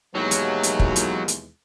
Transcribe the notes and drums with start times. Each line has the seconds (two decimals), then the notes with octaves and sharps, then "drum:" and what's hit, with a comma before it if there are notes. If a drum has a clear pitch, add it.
0.15 D#2 B2 E3 F#3 G#3
0.31 drum: hi-hat
0.63 drum: hi-hat
0.79 drum: kick
0.96 drum: hi-hat
1.28 drum: hi-hat